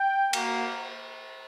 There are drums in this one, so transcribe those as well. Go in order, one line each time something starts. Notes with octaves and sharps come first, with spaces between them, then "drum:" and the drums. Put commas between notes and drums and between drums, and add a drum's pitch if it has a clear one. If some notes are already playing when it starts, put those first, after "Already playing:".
Already playing: G5
A#3 F#4, drum: cymbal